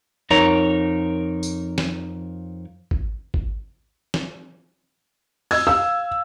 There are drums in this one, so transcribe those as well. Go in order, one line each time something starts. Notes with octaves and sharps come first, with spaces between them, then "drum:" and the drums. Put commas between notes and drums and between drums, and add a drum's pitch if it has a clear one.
F2 D#4 A#4 C#5 A#5, drum: tom F2
drum: tambourine
drum: snare
drum: kick G#1
drum: kick G#1
drum: snare
D#5 E6 G#6, drum: open hi-hat
F5 E6